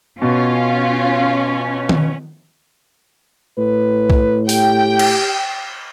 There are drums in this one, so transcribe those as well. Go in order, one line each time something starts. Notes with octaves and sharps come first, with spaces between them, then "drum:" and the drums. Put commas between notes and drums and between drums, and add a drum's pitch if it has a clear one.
B2 C#4 F4 F5
drum: tom D#3
A2 B4
drum: kick B1
G4 G5, drum: open hi-hat
drum: cymbal